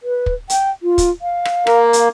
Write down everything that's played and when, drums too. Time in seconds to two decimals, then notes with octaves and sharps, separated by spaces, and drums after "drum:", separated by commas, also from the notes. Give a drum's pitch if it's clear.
0.03 B4
0.26 drum: kick
0.50 G5, drum: hi-hat
0.83 F4
0.98 drum: kick, hi-hat
1.22 F5
1.45 drum: rim click
1.67 A#3, drum: rim click
1.93 drum: hi-hat